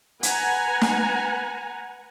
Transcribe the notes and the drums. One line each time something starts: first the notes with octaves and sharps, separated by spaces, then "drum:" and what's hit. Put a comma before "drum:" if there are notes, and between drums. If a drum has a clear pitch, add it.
B4 F#5 G#5 A#5, drum: hi-hat
drum: snare